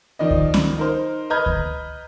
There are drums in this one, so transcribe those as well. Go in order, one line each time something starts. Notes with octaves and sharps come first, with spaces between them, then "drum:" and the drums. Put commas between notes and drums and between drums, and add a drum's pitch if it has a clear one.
D#3 F3 D5 D#5
drum: kick D2
drum: snare
D#4 A#4 C5
B4 D#5 A#5 F6 G6 G#6
drum: kick D2